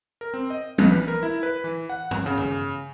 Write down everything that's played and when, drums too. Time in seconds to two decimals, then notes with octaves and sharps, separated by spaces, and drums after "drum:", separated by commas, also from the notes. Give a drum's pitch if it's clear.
0.21 A#4
0.34 C4
0.50 D#5
0.78 B1, drum: tom
0.91 B4
1.08 A#4
1.23 E4
1.43 B4
1.64 E3
1.90 F#5
2.11 drum: tom G2
2.26 C#3
2.38 drum: tom G2